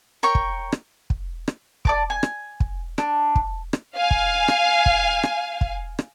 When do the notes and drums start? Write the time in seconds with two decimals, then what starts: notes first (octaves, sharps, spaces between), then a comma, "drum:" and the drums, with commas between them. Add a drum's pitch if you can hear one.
0.23 A#4 C#5 G5 C#6
0.35 drum: kick
0.72 drum: rim click
1.10 drum: kick
1.48 drum: rim click
1.85 D5 A5 D6, drum: kick
2.10 G#5
2.23 drum: rim click
2.60 drum: kick
2.98 D4, drum: rim click
3.36 drum: kick
3.73 drum: rim click
3.97 F5 G#5
4.11 drum: kick
4.48 drum: rim click
4.86 drum: kick
5.23 drum: rim click
5.61 drum: kick
5.99 drum: rim click